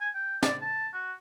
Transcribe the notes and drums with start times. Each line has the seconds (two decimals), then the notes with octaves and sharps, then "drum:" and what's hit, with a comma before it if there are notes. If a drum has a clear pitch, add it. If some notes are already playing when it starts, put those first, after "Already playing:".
0.01 G#5
0.14 G5
0.43 D5, drum: snare
0.61 A5
0.93 F#4